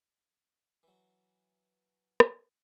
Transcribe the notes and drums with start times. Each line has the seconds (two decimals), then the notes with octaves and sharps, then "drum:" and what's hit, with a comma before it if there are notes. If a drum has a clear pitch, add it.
0.83 E3 F#3
2.20 drum: rim click